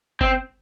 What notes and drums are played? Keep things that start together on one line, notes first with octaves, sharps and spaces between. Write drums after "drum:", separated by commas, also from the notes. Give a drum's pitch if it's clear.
C4, drum: kick G1